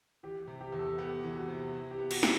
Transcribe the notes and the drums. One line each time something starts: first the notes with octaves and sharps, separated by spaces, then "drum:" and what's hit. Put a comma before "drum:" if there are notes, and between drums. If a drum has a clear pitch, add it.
E3 G4
G4
C3
G4
E2
A4
B3 G4
E3
F#4
C3
E4
G4
B3
F#4, drum: cymbal
E3, drum: snare